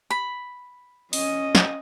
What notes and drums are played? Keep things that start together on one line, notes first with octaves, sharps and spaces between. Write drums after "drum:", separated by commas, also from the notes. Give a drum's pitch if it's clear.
B5
C#4 D#5, drum: open hi-hat
drum: snare